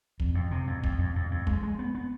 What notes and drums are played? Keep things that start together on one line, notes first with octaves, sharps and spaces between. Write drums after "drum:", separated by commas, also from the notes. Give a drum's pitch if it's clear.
F2, drum: kick
F2
C3
F2
F2, drum: kick
F2
F2
F2
G#3, drum: kick
G#3
B3
B3